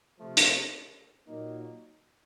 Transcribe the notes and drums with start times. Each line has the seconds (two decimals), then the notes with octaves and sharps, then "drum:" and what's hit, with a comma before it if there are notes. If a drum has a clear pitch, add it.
0.18 C3 F3 A3
0.37 drum: hi-hat
1.27 A#2 F#3 A#3 D#4